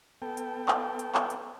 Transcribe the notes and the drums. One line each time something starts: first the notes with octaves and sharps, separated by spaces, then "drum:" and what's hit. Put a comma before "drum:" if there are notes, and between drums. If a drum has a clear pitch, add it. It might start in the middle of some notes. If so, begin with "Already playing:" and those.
B3 A4 G5
drum: hi-hat
drum: clap
drum: hi-hat
drum: clap
drum: hi-hat